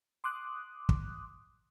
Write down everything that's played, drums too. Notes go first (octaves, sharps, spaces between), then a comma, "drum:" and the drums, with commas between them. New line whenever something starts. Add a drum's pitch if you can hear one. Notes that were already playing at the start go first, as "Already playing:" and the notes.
C6 D6 D#6 F#6
drum: kick